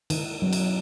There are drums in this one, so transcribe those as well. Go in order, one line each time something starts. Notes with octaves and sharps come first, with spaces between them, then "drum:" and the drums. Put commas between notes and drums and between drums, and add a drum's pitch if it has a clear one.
D#3, drum: cymbal
F#3 B3
drum: cymbal